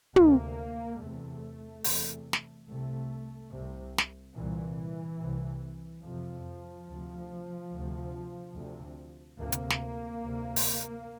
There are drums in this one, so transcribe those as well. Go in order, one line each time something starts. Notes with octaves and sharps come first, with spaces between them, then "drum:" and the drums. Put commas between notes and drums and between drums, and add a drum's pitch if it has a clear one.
D2 C3 A#3, drum: tom
E2 C3 A3
E2 C3, drum: open hi-hat
drum: snare
C2 C3 A3
C2 C3
drum: snare
C2 A#2 E3
C2 C3
F2 C3 F3
D2 C3
D2 C3
D2 C3
D2 C3 A#3
drum: hi-hat
drum: snare
D2 C3
drum: open hi-hat